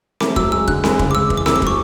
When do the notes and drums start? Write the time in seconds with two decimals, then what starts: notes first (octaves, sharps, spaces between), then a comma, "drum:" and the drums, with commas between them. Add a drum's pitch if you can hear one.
0.20 A3 D6, drum: snare C4
0.36 F#3 E6, drum: kick
0.52 G#3 E6
0.68 D3 F#6, drum: kick
0.84 G#3, drum: snare C4
0.99 C#3, drum: kick
1.11 D6
1.15 G#3 E6
1.30 E3, drum: kick
1.37 D6
1.46 A3 E6, drum: snare C4
1.56 D6
1.62 F#3 C#6, drum: kick